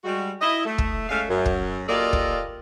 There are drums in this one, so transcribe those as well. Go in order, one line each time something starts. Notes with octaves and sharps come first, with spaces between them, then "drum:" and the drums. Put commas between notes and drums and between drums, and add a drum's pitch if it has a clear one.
G3 G#3 F#4
E4 D#5
A3
drum: kick
G#3 A3 C#4 F5
F#2
drum: kick
A#3 F4 G4 A4 D5 D#5
drum: kick